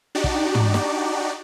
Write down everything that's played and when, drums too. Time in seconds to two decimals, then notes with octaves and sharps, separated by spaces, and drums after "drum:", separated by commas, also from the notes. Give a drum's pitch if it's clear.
0.15 D4 D#4 F#4 G4 D5
0.24 drum: kick
0.55 drum: tom
0.74 drum: snare